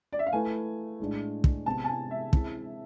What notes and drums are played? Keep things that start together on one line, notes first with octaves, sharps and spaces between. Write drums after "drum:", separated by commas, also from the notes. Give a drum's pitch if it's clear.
D5
E5
F5
A3 E4 B4 G#5
A2 G#3 D4
drum: kick
C3 G#3 B3 A5
A5
G#5
E5
G#3 C4 E4 G#4, drum: kick